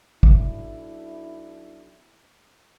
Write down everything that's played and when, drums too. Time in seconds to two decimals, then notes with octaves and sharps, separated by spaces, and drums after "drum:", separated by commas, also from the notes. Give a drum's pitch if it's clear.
0.23 B1 D4 E4, drum: kick